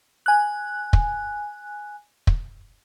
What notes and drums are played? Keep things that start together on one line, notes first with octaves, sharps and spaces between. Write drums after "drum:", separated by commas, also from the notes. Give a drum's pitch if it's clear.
G#5 F#6
drum: kick
drum: kick